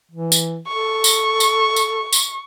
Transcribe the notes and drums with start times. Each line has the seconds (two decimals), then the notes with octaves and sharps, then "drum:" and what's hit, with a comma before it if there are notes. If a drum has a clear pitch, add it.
0.11 E3
0.32 drum: tambourine
0.68 A4 C#6
1.04 drum: tambourine
1.40 drum: tambourine
1.76 drum: tambourine
2.13 drum: tambourine